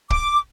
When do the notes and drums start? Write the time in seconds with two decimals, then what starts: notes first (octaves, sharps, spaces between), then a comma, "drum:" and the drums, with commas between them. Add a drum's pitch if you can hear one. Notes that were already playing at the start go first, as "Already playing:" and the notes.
0.10 D6, drum: kick